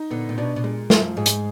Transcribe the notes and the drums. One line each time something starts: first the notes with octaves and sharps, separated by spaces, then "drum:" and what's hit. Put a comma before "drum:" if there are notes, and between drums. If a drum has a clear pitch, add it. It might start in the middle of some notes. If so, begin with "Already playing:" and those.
Already playing: D#4
A#2 D3 B3
A#2
B2 D4
B2
A#2 G#3
F#2 F3, drum: snare
G#2 G#4
drum: hi-hat